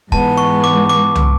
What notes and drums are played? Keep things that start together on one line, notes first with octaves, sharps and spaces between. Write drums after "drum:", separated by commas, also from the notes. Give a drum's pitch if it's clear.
G#2 E3 G#3 B3 A5, drum: kick
C#6
D6
D6
drum: tom